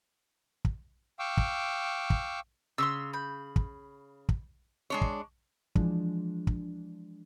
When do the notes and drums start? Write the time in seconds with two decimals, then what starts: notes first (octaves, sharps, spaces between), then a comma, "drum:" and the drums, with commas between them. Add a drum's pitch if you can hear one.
0.65 drum: kick
1.19 F5 G5 C#6 D6 E6
1.37 drum: kick
2.10 drum: kick
2.78 C#3 C6 C#6 E6
3.13 B5 G6
3.56 drum: kick
4.29 drum: kick
4.90 G#3 D4 C#5 C6
5.01 drum: kick
5.75 E3 F3 G#3 D4, drum: kick
6.47 drum: kick